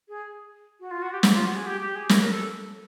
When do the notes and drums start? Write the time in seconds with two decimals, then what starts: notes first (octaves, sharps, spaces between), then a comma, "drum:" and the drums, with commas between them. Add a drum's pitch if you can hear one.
0.08 G#4
0.80 F#4
0.91 F4
1.02 F#4
1.12 G4
1.23 G4, drum: snare
1.34 F4
1.45 F#4
1.55 G#4
1.66 G4
1.80 G4
1.95 G#4
2.09 A#4, drum: snare
2.20 A#4
2.31 A4